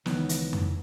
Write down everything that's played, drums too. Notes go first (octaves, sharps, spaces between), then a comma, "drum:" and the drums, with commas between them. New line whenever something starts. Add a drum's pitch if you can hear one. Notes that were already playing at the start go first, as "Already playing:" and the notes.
C#2 D#3 E3 B3, drum: snare
drum: hi-hat
drum: tom F2